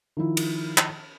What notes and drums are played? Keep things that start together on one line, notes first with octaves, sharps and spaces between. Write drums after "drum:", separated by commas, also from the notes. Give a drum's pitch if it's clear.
D#3 F3 E4
drum: cymbal
drum: clap